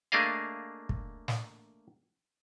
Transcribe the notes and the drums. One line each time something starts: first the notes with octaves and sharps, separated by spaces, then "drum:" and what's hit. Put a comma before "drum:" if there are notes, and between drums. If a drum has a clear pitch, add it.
A3 A#3 D4 G#4 D#5 F5
drum: kick
drum: snare